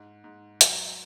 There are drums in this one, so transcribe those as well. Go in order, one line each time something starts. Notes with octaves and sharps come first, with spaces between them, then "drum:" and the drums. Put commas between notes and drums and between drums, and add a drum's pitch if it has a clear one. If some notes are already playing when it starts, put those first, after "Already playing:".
Already playing: G#2
G#2
F#3, drum: hi-hat